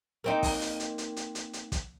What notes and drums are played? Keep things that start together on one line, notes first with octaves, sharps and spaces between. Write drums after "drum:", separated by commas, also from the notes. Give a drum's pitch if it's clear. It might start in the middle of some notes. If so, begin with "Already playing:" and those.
A#3 C4 D#4
drum: kick, open hi-hat
drum: hi-hat
drum: hi-hat
drum: hi-hat
drum: hi-hat
drum: hi-hat
drum: hi-hat
drum: kick, hi-hat